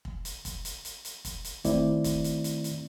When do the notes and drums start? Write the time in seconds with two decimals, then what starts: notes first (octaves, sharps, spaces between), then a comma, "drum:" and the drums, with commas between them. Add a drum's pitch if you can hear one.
0.05 drum: kick
0.25 drum: hi-hat
0.45 drum: kick, hi-hat
0.65 drum: hi-hat
0.85 drum: hi-hat
1.05 drum: hi-hat
1.25 drum: kick, hi-hat
1.44 drum: hi-hat
1.64 D#3 A3 C4 E4 D5, drum: kick, hi-hat
2.04 drum: kick, hi-hat
2.24 drum: hi-hat
2.44 drum: hi-hat
2.64 drum: hi-hat